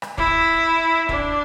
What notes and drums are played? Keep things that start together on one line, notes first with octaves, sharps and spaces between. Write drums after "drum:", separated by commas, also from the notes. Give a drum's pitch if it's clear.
drum: rim click
E4, drum: kick
D4, drum: kick